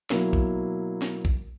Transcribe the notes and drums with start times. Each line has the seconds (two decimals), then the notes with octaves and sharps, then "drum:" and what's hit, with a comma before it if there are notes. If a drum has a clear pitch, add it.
0.10 B2 F#3 A#3 E4, drum: snare
0.33 drum: kick
1.02 drum: snare
1.25 drum: kick